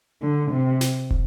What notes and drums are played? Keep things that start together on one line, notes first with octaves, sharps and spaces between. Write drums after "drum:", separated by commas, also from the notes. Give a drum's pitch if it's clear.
D3
C3
drum: snare
drum: kick